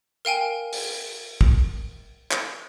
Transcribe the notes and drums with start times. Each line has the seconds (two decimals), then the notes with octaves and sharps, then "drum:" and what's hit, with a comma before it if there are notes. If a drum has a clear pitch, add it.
0.25 A#4 F5 G5 G#5
0.73 drum: open hi-hat
1.41 drum: kick
2.32 drum: clap